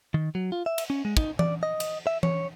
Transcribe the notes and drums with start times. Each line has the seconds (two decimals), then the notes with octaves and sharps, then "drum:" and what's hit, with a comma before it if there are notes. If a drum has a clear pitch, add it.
0.14 D#3
0.35 F#3
0.52 F4
0.66 E5
0.78 drum: cymbal
0.90 C#4
1.05 G#3
1.17 D#4, drum: kick
1.39 D5, drum: tom E3
1.63 D#5
1.80 drum: cymbal
2.07 E5
2.23 C#5, drum: tom E3